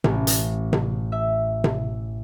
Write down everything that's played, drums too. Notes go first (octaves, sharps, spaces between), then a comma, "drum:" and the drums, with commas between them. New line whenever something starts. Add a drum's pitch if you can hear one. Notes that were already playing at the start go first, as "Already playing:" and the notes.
A1, drum: tom C3
drum: hi-hat
drum: tom C3
E5
drum: tom C3